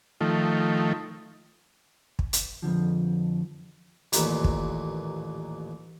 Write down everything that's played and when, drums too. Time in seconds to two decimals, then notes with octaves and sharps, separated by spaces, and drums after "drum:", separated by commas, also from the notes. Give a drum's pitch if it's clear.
0.21 D#3 F3 A3
2.19 drum: kick
2.33 drum: hi-hat
2.62 F2 A#2 D3 F3
4.13 A1 D#2 A#2 B4, drum: hi-hat
4.44 drum: kick